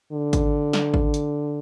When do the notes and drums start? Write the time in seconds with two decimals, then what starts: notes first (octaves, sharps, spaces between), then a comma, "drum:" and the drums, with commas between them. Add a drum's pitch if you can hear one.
0.12 D3
0.33 drum: kick G#1, hi-hat
0.73 drum: snare
0.94 drum: kick G#1
1.14 drum: hi-hat